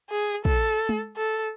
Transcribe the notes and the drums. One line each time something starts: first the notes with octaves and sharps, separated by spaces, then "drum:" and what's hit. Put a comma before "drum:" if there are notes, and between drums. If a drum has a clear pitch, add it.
G#4
A4, drum: kick
drum: tom G#3
A4